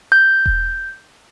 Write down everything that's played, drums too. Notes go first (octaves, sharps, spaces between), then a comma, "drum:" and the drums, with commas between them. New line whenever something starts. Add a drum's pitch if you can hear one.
G6
drum: kick E1